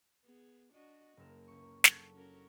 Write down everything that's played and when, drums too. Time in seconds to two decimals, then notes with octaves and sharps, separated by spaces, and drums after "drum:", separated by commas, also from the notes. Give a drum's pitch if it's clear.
0.24 B3 G#4
0.73 D4 F#4 D#5
1.17 F#1 A#3 A#4 E7
1.48 C#2 C#6
1.84 F#3 D4 A4, drum: snare
2.14 C#4 F#4 A#4